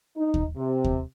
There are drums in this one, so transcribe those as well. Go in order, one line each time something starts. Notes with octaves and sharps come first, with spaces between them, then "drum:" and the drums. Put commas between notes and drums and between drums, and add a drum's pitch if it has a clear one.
D#4
drum: kick D#2
C3
drum: kick D#2